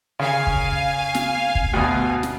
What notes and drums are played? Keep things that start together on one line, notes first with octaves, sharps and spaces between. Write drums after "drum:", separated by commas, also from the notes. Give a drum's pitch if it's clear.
C#3 F5 G#5
drum: kick
drum: snare
drum: kick
D2 B2
drum: snare